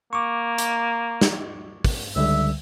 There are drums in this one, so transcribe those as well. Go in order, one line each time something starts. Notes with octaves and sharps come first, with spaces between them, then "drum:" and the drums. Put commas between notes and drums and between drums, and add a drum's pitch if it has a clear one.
A#3 C#6 D6
drum: hi-hat
drum: snare
drum: kick, open hi-hat
C#2 D3 G3 E5